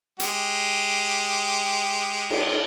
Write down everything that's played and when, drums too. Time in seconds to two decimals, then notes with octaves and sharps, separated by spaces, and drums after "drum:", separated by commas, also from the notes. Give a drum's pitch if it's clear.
0.20 G#3 G4, drum: hi-hat
2.30 drum: cymbal